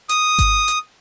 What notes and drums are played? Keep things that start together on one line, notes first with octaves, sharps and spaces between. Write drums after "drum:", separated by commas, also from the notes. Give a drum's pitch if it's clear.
D#6, drum: hi-hat
drum: kick G#1, hi-hat
drum: hi-hat